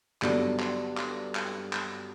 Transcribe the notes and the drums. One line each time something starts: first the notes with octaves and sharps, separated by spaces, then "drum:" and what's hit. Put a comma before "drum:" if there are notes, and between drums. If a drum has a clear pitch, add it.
G2 D3 F#3 B3 D4, drum: clap
drum: clap
drum: clap
drum: clap
drum: clap